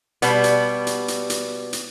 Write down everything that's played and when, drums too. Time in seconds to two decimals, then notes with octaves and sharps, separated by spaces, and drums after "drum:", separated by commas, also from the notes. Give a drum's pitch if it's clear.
0.22 B2 G3 B3, drum: hi-hat
0.44 drum: hi-hat
0.87 drum: hi-hat
1.08 drum: hi-hat
1.30 drum: hi-hat
1.73 drum: hi-hat